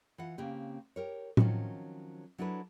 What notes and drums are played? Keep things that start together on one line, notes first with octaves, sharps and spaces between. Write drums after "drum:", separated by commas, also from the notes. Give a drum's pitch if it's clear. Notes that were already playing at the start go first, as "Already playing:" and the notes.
E3 F4 F#5
C#3 A#3 C4 G4
G4 A#4 C#5
D#3 F3 F#3 C4 C#4, drum: tom
F#3 D4 E4 A4 B4